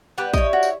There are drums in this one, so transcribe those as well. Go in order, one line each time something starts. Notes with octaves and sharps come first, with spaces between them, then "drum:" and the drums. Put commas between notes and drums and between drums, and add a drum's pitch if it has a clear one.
G3 B3 G4 B4
E4 C#5 D#5, drum: kick, tambourine
F#4
drum: tambourine